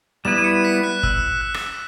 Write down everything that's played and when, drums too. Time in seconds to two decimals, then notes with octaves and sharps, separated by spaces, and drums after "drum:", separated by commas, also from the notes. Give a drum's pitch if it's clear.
0.25 G3 B3 E4 B4 E7
0.44 C#7
0.65 B6
0.83 F#6
1.03 E6, drum: kick
1.41 F#6
1.54 drum: rim click